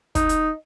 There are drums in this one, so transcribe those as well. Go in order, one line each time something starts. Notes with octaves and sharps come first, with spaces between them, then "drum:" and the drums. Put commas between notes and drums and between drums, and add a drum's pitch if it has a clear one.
D#4, drum: kick, hi-hat
drum: hi-hat